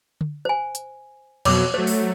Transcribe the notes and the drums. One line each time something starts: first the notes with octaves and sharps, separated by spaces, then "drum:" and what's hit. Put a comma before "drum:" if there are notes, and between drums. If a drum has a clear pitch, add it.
drum: tom D3
C5 G#5
drum: hi-hat
F2 B2 F#3 C#5 D6 E6, drum: cymbal
F#3 A3 C5
drum: open hi-hat